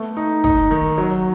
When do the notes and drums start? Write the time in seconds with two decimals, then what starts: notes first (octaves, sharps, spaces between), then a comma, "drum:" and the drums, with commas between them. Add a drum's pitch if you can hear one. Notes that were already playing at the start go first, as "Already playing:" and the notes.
Already playing: A3 B3
0.17 D#4
0.44 D#4, drum: kick
0.71 D#3
0.98 F#3